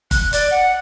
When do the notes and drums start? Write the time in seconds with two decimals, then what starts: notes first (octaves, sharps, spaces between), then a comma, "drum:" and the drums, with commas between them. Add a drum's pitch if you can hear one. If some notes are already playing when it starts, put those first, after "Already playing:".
0.11 F#6, drum: kick, hi-hat
0.33 D5, drum: hi-hat
0.51 F#5